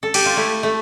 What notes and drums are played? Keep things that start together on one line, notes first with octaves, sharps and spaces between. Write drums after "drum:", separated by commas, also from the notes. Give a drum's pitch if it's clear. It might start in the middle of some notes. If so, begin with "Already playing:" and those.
A4
G4, drum: cymbal
F4
A3 E4
A3